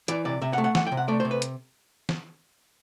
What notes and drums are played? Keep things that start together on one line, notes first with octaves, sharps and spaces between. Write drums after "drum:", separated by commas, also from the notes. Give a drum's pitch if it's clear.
E3 D5, drum: hi-hat
C3 D5
C3 E5
F#5
A3
F#5
E3 F#5, drum: snare
G5
C3
F#5
A3 D5
C3 C5
B4
drum: hi-hat
drum: snare